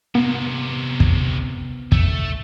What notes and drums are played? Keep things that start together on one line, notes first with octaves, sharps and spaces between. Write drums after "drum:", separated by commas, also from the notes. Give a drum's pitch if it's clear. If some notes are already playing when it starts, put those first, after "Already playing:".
C3 A#3 B3
drum: kick
A3, drum: kick